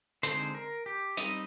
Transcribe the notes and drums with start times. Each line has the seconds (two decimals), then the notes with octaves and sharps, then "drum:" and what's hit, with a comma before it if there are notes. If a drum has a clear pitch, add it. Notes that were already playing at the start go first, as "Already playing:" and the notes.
0.23 D3 G#3 C4 D#4 C5, drum: hi-hat
0.55 A#4
0.86 G4
1.17 G3 C4 D#4 D#5, drum: hi-hat